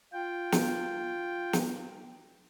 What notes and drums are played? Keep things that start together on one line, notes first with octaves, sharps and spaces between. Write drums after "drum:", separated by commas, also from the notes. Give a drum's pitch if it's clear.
F4 G5
drum: snare
drum: snare